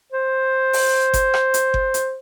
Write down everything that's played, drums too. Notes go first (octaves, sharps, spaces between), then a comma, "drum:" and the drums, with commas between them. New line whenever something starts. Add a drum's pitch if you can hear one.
C5
drum: open hi-hat
drum: kick G1, hi-hat
drum: rim click
drum: hi-hat
drum: kick G1
drum: hi-hat